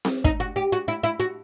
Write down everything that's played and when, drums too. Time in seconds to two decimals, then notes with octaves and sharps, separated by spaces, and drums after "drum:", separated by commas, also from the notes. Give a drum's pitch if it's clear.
0.05 drum: snare C4
0.24 D#4, drum: kick
0.40 F#4
0.56 G4
0.72 F#4
0.88 E4
1.03 E4
1.20 F#4